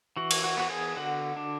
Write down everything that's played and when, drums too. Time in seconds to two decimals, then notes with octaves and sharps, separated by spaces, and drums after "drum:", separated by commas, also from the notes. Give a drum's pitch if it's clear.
0.17 E3 F#4
0.31 drum: cymbal
0.44 F#4
0.57 B3 F#4
0.70 G#4
0.97 D3 F#4
1.36 D4